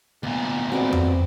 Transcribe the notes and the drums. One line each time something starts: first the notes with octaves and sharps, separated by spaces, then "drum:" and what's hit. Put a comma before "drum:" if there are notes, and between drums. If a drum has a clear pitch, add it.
D2 A#2 B3
C4 F#4 B4 D5
drum: tom F2